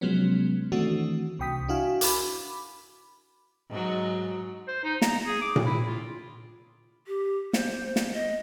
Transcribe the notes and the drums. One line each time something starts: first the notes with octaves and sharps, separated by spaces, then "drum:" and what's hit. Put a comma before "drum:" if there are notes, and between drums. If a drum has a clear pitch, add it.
C3 F3 F#3 G#3 B3 C#4
D#3 E3 A3 C4 D4 F#4
C2 C3 G5 D#6 B6
D4 E4 F#4 F5 G#5
B5 D6, drum: hi-hat
G#2 F#3
C5
D#4
A#5, drum: snare
G#4
D6
drum: tom A#2
E4
F4
G4
C5, drum: snare
drum: snare
D#5